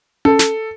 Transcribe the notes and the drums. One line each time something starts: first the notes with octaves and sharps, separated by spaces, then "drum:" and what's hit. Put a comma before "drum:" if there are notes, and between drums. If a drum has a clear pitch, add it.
A4, drum: tom C#4
drum: snare